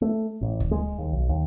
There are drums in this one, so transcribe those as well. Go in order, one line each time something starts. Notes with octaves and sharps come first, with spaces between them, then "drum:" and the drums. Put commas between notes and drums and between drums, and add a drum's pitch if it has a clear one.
A3
A1
drum: kick D2
G#3
D#2
B1
D#2